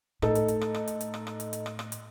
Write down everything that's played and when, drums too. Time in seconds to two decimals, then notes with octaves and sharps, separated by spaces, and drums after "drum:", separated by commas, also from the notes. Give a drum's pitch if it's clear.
0.22 A2 D#4 A4, drum: rim click
0.35 drum: hi-hat
0.48 drum: hi-hat
0.61 drum: rim click
0.74 drum: rim click
0.88 drum: hi-hat
1.01 drum: hi-hat
1.14 drum: rim click
1.27 drum: rim click
1.40 drum: hi-hat
1.53 drum: hi-hat
1.66 drum: rim click
1.79 drum: rim click
1.92 drum: hi-hat